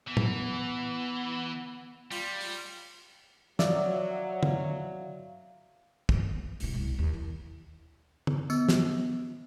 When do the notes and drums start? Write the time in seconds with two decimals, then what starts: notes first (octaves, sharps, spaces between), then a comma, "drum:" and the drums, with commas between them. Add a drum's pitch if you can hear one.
0.08 E3 B3
0.17 drum: tom
2.11 G3 F4, drum: open hi-hat
2.41 drum: open hi-hat
3.59 F#3 D5 E5 F5, drum: snare
4.43 drum: tom
6.09 drum: kick
6.60 E1 C3, drum: open hi-hat
6.74 C2 B2
6.99 D#2
7.14 E3
8.27 drum: tom
8.50 B3, drum: tambourine
8.69 drum: snare